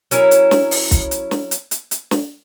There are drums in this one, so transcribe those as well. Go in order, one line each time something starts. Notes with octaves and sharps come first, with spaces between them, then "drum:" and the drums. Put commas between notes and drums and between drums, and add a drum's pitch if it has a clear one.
F#3 C#4 E4 A#4, drum: hi-hat
drum: hi-hat
drum: snare
drum: open hi-hat
drum: kick, hi-hat
drum: hi-hat
drum: snare
drum: hi-hat
drum: hi-hat
drum: hi-hat
drum: snare